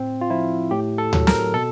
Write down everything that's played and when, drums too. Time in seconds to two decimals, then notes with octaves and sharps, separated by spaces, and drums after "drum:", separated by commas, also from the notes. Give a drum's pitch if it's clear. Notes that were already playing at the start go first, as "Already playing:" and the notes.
Already playing: A2 C4
0.21 F4
0.30 F3 E4
0.71 A2 G4
0.98 A4
1.13 F#3, drum: tom D2
1.27 A#4, drum: snare
1.53 B2 A4